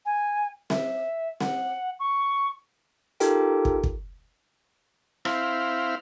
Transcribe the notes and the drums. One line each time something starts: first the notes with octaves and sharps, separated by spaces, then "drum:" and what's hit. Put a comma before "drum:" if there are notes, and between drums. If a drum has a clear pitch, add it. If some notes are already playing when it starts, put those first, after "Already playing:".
G#5
E5, drum: snare C4
F#5, drum: snare C4
C#6
D#4 F4 G4 A4 A#4 G5, drum: hi-hat
drum: kick
drum: kick
C4 E4 F5, drum: rim click